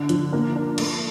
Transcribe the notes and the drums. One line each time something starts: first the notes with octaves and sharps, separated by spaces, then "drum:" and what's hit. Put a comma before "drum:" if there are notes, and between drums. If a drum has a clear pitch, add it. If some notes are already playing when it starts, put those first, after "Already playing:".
Already playing: D3
F3, drum: hi-hat
A#3
D4
A3, drum: cymbal